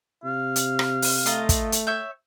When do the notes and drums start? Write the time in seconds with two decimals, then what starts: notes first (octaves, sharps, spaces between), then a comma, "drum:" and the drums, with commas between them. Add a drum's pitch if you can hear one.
0.24 C3 F5
0.56 drum: hi-hat
0.79 drum: rim click
1.02 drum: open hi-hat
1.26 A3 F4 D#5 A#5, drum: hi-hat
1.49 drum: kick, hi-hat
1.72 drum: hi-hat
1.87 C#5 E5 G6